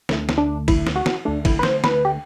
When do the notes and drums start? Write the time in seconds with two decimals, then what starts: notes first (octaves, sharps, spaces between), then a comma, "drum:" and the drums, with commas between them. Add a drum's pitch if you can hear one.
0.09 D2 D3 A3, drum: snare
0.29 drum: snare
0.38 D4
0.68 E4, drum: kick, cymbal
0.87 drum: snare
0.96 F#4
1.06 drum: snare
1.25 D2 D3 A3 D4
1.45 E4, drum: kick, cymbal
1.59 B4
1.63 C5, drum: snare
1.84 B4, drum: snare
2.05 G4